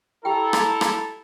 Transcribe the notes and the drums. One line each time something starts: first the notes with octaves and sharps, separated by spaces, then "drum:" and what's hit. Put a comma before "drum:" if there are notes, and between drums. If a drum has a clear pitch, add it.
E4 G4 A4 G5 A#5
drum: rim click
drum: rim click